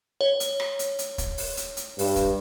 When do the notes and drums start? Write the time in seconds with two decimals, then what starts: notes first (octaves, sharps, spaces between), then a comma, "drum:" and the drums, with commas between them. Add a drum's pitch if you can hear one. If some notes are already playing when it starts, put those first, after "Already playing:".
0.21 C#5
0.40 drum: hi-hat
0.60 drum: rim click
0.79 drum: hi-hat
0.99 drum: hi-hat
1.18 drum: kick, hi-hat
1.38 drum: open hi-hat
1.57 drum: hi-hat
1.77 drum: hi-hat
1.99 G2, drum: open hi-hat
2.16 drum: kick, hi-hat